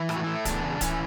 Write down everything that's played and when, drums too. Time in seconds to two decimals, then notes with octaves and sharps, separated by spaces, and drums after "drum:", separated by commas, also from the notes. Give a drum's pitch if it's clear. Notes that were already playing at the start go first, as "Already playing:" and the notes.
Already playing: E3
0.09 A2 E4, drum: rim click
0.16 F#4
0.24 A2 E4
0.45 E2 D4, drum: kick D1, hi-hat
0.64 C#3
0.81 E3 C#4, drum: kick D1, hi-hat